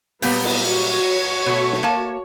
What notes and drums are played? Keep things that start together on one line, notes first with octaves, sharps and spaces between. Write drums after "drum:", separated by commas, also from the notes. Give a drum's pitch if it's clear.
A#2 F#3 G3 B3, drum: open hi-hat
drum: cymbal
F#4 C#5
B2 A3
drum: snare
A#3 A5